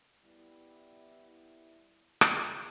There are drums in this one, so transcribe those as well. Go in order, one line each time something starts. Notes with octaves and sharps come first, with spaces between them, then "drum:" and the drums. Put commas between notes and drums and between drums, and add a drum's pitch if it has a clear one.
G3 B3 E4
drum: rim click